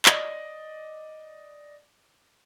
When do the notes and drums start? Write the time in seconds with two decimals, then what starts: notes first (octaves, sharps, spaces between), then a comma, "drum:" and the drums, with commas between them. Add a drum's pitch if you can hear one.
0.05 D5 D#5, drum: clap